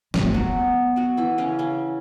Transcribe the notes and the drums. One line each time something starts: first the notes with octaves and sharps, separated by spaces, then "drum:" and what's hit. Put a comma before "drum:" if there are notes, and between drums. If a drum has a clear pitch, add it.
G#3, drum: snare
A3
F#3 B3 F#4
F#3 F#4
E3 E4
C#3 C#4
C#3 C#4